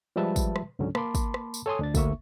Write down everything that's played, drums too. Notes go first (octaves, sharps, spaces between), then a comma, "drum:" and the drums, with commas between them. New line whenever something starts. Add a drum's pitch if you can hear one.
F3 G3 G#3 B4 E5 A5
drum: kick, tambourine
drum: rim click
C#2 G#2 D3 F#3 C#4
A#3 A5 B5 C6 D6, drum: rim click
drum: kick, tambourine
drum: rim click
drum: tambourine
A4 C#5 G#5 C6 D#6
D2 D4 A6
D2 A#3 E5 C#6, drum: kick, tambourine